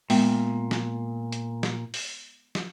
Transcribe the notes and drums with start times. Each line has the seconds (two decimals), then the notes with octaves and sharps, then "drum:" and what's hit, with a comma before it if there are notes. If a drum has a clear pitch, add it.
0.10 A#2 G#3 B3 G5, drum: open hi-hat
0.71 drum: snare
1.32 drum: hi-hat
1.63 drum: snare
1.94 drum: open hi-hat
2.55 drum: snare